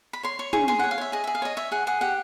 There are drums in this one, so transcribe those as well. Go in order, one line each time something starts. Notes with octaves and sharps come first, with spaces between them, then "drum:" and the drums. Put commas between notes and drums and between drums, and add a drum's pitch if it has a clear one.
B5
C#5 C6
C#5 C#6
G#4 C#6, drum: tom
G#4 C6
C#5 F#5
F5
C#5 E5
G#4 D#5
G#4 E5
F5
C#5 D#5
C#5 E5
G#4 F#5
G#4 F#5
G4 F#5